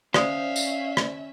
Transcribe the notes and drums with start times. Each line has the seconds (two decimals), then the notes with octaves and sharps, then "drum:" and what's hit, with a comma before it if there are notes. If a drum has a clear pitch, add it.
0.14 C#4 C5 D5 E5 F5 D#6, drum: rim click
0.56 drum: tambourine
0.97 drum: rim click